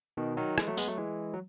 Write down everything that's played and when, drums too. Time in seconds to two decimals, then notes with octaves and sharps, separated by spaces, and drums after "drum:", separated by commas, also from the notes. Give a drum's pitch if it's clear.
0.17 B2 D#3
0.37 D#3 F#3
0.58 E3 G#3, drum: rim click
0.67 F#3 A3
0.77 G#3 B3, drum: tambourine
0.88 F#3 A3
0.98 E3 G#3
1.33 F#3